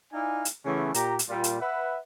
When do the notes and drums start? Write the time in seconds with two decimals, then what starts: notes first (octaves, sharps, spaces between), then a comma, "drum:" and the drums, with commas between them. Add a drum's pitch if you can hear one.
0.13 D#4 E4 D5 F5 G#5
0.45 drum: hi-hat
0.65 C#3 E3 A3 B3 C#4
0.94 A#2 G4 A#5, drum: hi-hat
1.19 drum: hi-hat
1.29 A#2 G3 F4
1.44 drum: hi-hat
1.61 B4 E5 F#5